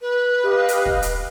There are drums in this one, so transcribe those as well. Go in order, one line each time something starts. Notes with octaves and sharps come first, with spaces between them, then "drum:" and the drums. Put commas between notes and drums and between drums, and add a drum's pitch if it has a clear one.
B4
G4 D#5 F5
drum: hi-hat
drum: kick
drum: hi-hat